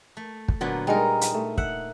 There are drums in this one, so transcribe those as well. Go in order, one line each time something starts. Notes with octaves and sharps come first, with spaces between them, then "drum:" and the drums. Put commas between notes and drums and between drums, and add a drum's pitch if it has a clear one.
A3
drum: kick
A#2 D3 F#3 B3
G3 G#3 D#4 A#4
drum: hi-hat
A3
E5 F#5, drum: kick